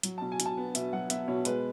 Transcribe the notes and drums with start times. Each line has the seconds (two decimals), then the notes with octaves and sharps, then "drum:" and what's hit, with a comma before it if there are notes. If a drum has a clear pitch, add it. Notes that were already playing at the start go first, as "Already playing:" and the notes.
0.03 F#3, drum: hi-hat
0.18 B2 A5
0.32 G#5
0.40 B2, drum: hi-hat
0.46 A5
0.58 B3
0.75 B2 E5, drum: hi-hat
0.93 F#3 F#5
1.10 B3 E5, drum: hi-hat
1.28 B2 C#5
1.45 G#3 B4, drum: hi-hat